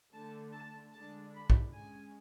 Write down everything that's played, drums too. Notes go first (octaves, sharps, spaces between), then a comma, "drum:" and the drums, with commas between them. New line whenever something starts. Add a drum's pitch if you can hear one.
D3 A3 D4 A5
A5
D3 G#3 D4 A5
B5
drum: kick
G#3 C#4 G#5